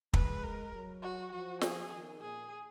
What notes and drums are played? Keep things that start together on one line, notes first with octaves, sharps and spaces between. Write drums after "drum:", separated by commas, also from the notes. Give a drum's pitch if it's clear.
G#3 B4, drum: kick
A#4
F#3
F#4
F3 F#4
G#4, drum: snare
D#3
A#2 G#4